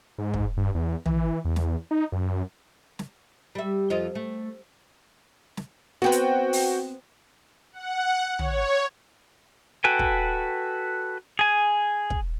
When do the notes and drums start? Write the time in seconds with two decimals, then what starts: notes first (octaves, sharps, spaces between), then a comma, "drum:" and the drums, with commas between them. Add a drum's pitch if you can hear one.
0.18 G#2
0.34 drum: kick
0.57 G2
0.75 E2
1.06 E3, drum: tom
1.45 E2
1.56 drum: snare
1.91 D#4
2.12 F#2
2.99 drum: snare
3.55 G3 E5
3.90 F2 F4 D#5
4.15 A3
5.57 drum: snare
6.02 B3 C4 F#4 B4 G5
6.12 drum: hi-hat
6.53 drum: open hi-hat
7.73 F#5
8.39 C#5, drum: tom
9.84 F#4 A4 B4 G5 G#5
9.99 drum: kick
11.39 G#4 G#5
12.10 drum: kick